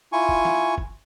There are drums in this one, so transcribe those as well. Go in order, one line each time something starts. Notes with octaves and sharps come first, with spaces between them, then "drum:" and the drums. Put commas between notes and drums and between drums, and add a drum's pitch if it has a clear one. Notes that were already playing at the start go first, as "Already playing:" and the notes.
E4 F4 G#5 C#6
drum: kick
drum: snare
drum: kick